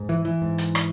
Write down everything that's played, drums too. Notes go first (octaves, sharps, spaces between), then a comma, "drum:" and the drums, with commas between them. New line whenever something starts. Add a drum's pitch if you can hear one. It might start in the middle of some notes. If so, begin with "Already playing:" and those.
Already playing: G#2
E3
E3
G#2
drum: hi-hat
drum: rim click